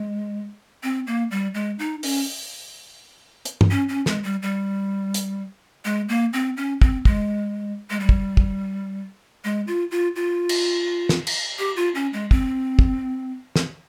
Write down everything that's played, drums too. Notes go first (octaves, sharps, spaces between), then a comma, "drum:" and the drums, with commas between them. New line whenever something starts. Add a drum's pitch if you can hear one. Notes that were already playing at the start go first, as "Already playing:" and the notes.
Already playing: G#3
C4
A#3
G3
G#3
D#4
C#4, drum: open hi-hat
drum: hi-hat
drum: tom
C#4
C#4
G#3, drum: snare
G3
G3
drum: hi-hat
G#3
A#3
C4
C#4
C4, drum: kick
G#3, drum: kick
G#3
G3
drum: kick
drum: kick
G#3
F4
F4
F4
drum: cymbal
drum: snare
drum: cymbal
G4
F4
C#4
G#3
C4, drum: kick
drum: kick
drum: snare